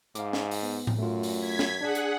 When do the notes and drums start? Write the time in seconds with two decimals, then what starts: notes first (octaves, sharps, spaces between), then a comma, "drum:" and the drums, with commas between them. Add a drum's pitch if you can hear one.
0.15 G#2 F5 D6, drum: hi-hat
0.33 drum: snare
0.51 drum: open hi-hat
0.63 B3
0.87 drum: tom A2
0.98 F#2 A3 F4
1.23 drum: open hi-hat
1.40 G#6 B6
1.59 drum: snare
1.81 D4 G#4 D5 F#5 A5
1.95 drum: hi-hat